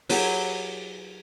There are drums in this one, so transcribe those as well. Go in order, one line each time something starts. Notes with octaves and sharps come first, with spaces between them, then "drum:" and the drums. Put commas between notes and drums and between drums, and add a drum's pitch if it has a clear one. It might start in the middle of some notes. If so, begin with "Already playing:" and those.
F#3 E4 G4 G#4, drum: open hi-hat